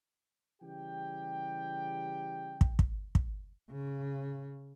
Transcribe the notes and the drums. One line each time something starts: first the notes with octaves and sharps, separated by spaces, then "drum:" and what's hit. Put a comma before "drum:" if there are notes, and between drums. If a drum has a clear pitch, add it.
C#3 E3 G3 G4 G5
drum: kick
drum: kick
drum: kick
C#3